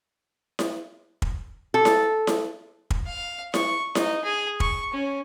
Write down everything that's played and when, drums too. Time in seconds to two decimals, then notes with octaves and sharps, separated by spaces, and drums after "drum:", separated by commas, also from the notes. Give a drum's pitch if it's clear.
0.59 drum: snare E4
1.22 drum: kick
1.74 A4
1.85 drum: snare E4
2.27 drum: snare E4
2.90 drum: kick
3.07 F5
3.54 C#6, drum: snare E4
3.95 D#4, drum: snare E4
4.24 G#4
4.60 C#6, drum: kick
4.93 C#4